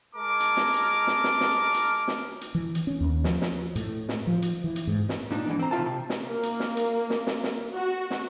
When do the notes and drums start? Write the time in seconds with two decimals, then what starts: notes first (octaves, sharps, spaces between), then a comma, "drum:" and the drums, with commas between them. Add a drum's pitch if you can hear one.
0.14 G#3 A#4 A5 D6
0.40 drum: hi-hat
0.57 drum: snare
0.74 drum: hi-hat
1.07 drum: snare
1.24 drum: snare
1.41 drum: snare
1.74 drum: hi-hat
2.08 drum: snare
2.41 drum: hi-hat
2.55 E3
2.75 drum: hi-hat
2.87 C#4
3.00 D#2
3.24 F3, drum: snare
3.42 drum: snare
3.75 A2, drum: hi-hat
4.09 drum: snare
4.27 F3
4.42 drum: hi-hat
4.64 E3
4.76 drum: hi-hat
4.87 G#2
5.09 drum: snare
5.31 A#2 D4 D#4
5.46 E2 G#2 C#3 E3
5.59 C4 A#5
5.71 C3 D#3 D#4 F4 E5 A5
5.85 C3
6.10 drum: snare
6.25 A#3
6.43 drum: hi-hat
6.60 drum: snare
6.77 drum: hi-hat
7.10 drum: snare
7.27 drum: snare
7.44 drum: snare
7.73 F#4
8.11 drum: snare